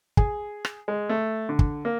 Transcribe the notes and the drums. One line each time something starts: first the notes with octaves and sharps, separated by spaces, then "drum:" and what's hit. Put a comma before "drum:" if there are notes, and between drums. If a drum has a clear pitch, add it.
G#4, drum: kick
drum: rim click
G#3
A3
D3
drum: kick
A#3